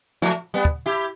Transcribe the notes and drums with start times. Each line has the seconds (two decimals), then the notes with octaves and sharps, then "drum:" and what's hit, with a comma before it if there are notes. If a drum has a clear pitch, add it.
0.22 F3 A3, drum: snare
0.54 G3 B3
0.65 drum: kick
0.86 E4 G4